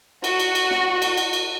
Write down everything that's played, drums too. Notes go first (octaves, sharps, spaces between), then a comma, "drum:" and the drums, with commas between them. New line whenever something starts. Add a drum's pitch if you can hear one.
F#4, drum: cymbal
drum: cymbal
drum: cymbal
drum: snare
drum: cymbal
drum: cymbal
drum: cymbal